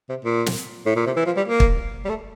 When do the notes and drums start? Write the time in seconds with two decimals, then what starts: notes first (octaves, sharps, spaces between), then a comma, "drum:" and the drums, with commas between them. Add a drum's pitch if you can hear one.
0.09 C3
0.25 A#2
0.46 drum: snare
0.86 A2
0.96 A#2
1.06 C3
1.16 E3
1.26 F3
1.37 G3
1.48 A#3
1.60 drum: kick
2.05 G3
2.09 A3